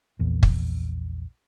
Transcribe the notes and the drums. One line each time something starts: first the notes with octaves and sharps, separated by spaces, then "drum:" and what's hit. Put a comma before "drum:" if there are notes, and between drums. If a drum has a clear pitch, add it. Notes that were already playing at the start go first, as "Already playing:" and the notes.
A#1 E2 A#2
drum: kick